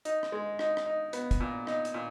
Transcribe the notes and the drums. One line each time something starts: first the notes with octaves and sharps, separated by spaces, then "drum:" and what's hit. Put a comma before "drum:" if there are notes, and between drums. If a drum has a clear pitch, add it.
D#4, drum: hi-hat
drum: rim click
G#3
D#4, drum: rim click
drum: rim click
D#4
B3, drum: hi-hat
drum: kick, hi-hat
A#2
D#4, drum: rim click
drum: hi-hat
A#2